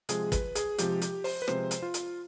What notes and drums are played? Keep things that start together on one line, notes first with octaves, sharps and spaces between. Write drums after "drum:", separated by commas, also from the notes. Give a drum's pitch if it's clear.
C3 F3 G#3 G#4, drum: hi-hat
B4, drum: kick, hi-hat
G#4, drum: hi-hat
C3 F3 G#3 G4, drum: hi-hat
G4, drum: hi-hat
C5, drum: open hi-hat
B4
C3 F3 G#3 C5, drum: rim click
drum: hi-hat
F4
drum: hi-hat